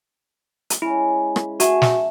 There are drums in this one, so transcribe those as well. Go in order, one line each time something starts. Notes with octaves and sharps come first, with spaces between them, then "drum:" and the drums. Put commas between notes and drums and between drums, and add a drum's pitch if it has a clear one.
drum: hi-hat
G#3 C#4 E4
drum: rim click
F#4 E5 F#5 G#5 A5, drum: hi-hat
drum: snare